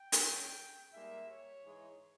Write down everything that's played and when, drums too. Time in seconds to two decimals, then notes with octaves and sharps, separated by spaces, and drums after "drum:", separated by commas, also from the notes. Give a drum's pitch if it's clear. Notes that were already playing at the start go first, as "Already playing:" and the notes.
Already playing: G5
0.12 drum: hi-hat
0.23 C#3 G#3 C#4
0.93 G#2 G3 A#3 E5
1.28 C#5
1.64 G#2 E3 G#3